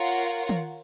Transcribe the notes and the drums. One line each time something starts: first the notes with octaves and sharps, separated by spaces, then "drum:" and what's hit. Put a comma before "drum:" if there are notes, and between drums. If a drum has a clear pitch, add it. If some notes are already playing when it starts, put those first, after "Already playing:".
Already playing: F4 A#4 C#5 F#5
drum: cymbal
drum: tom D#3